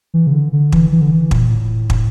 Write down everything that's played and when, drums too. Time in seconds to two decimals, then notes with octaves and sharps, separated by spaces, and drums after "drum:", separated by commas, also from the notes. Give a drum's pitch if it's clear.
0.14 E3
0.27 C#3
0.33 D3
0.53 D3
0.72 E3, drum: kick
0.92 E3
1.01 D3
1.11 E3
1.31 A#2, drum: kick
1.51 A2
1.90 drum: kick